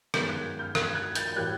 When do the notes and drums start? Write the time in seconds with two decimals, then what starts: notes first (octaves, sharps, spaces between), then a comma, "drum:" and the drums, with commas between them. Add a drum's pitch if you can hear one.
0.14 F#2 D#3 G#3 B3 G6 A6, drum: rim click
0.29 F#6 G#6
0.59 F6 G6
0.75 F#6 G#6, drum: rim click
0.95 F#6 G#6
1.15 G6 A6, drum: hi-hat
1.28 G6
1.36 A2 E3 G3 F#6 G#6